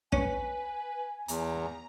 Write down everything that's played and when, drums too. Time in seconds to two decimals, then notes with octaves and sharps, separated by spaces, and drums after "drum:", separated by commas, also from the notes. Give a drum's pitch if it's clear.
0.13 C#4 B4 G#5, drum: kick
1.28 E2 A#5, drum: hi-hat